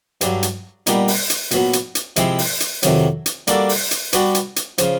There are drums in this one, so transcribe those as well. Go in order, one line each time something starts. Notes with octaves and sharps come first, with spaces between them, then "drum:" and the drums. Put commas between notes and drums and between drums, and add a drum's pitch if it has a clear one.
G2 D3 F#3, drum: hi-hat
drum: hi-hat
A#2 G3 B3 D#4, drum: hi-hat
drum: open hi-hat
drum: hi-hat
A#2 F#3 B3, drum: hi-hat
drum: hi-hat
drum: hi-hat
C3 F3 G#3 C4 E4, drum: hi-hat
drum: open hi-hat
drum: hi-hat
F2 C3 D#3 F#3, drum: hi-hat
drum: hi-hat
G3 A#3 D4 F#4 A4, drum: hi-hat
drum: open hi-hat
drum: hi-hat
G3 B3 D4 F#4 B4, drum: hi-hat
drum: hi-hat
drum: hi-hat
C#3 F3, drum: hi-hat